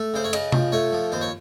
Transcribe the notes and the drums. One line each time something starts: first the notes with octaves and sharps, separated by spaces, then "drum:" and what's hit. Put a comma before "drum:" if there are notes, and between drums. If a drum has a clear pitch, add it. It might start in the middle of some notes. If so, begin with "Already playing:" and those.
Already playing: A3
C#3 C5
C#5
C#3 D#5, drum: cymbal
F3, drum: tom C3
A3 C#5
F3
D#2 C5
C#5